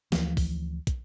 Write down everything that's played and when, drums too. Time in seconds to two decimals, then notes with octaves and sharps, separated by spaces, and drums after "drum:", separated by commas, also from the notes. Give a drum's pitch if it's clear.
0.12 D2 E3 F3, drum: snare
0.37 drum: kick, open hi-hat
0.87 drum: kick, hi-hat